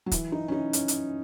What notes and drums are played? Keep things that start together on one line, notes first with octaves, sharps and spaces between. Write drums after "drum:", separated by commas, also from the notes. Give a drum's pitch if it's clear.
F#3
E3, drum: kick, hi-hat
D#4
C#4
D#4
C#4, drum: hi-hat
drum: hi-hat